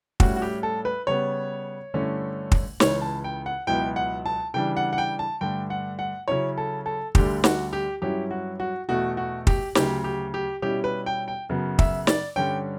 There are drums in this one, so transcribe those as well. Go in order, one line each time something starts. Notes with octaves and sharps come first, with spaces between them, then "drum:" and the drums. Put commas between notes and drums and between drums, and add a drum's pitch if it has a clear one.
A2 G3 C#4 E4 F#4, drum: kick
F#4
G4
A4
B4
C#3 G3 B3 C#5
G2 D3 A3 C#4 E4
drum: kick
C#2 C#3 E3 C#5, drum: snare
A5
G5
F#5
C#2 B2 F#3 B3 E4 G5
F#5
A5
C#3 E3 G3 D4 G5
F#5
F#5
G5
A5
G2 D3 A3 G5
F#5
F#5
C#3 F#3 C#4 E4 C#5
A4
A4
D2 D3 G3 D4 G4, drum: kick
F#4, drum: snare
G4
G2 F#3 C#4 E4 G4
F#4
F#4
E2 B2 A3 F#4
F#4
G4, drum: kick
D2 C#3 F#3 G4, drum: snare
G4
G4
B2 G3 C#4 E4 G4
B4
G5
G5
F#2 C#3 F#3 B3
E5, drum: kick
D5, drum: snare
G2 D3 G3 C#4 G5